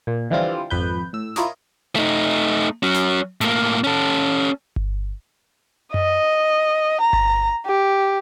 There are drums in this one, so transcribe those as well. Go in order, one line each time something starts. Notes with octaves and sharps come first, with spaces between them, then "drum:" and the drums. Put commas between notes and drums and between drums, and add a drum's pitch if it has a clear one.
A#2
D3 E3 F3 G3 C4 F4
G#1 F2 B4 G6
A2 E6
E4 F4 A#4 C#5 D#5, drum: snare
A3 D#4
F#3 C#4
drum: snare
A2 A#3, drum: hi-hat
C#4 A4
drum: kick G1
D#5, drum: tom F#2
A#5
drum: kick G1
G4